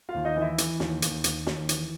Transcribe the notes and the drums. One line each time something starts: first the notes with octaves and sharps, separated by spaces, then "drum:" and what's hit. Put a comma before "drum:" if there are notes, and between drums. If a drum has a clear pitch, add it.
F4 F5
D#2
D#4 D#5
E3
E4 E5
E3, drum: hi-hat
D#2, drum: snare
D#2, drum: hi-hat
D#2, drum: hi-hat
D#2, drum: snare
E3, drum: hi-hat